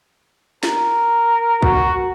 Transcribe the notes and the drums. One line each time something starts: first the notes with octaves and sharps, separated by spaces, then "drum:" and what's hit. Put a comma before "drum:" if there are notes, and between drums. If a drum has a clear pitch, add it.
A#4, drum: snare
F#4, drum: kick